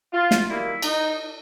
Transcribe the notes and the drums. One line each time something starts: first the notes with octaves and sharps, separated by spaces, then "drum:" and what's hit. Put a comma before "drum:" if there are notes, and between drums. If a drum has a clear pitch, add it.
F4
drum: snare
F#2 D#3 G3 A#3 E4
D#4, drum: cymbal